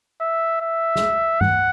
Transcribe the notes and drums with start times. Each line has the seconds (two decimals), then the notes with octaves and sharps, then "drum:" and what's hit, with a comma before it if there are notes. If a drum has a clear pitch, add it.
0.21 E5
0.61 E5
0.96 drum: snare
1.41 F#5, drum: tom G2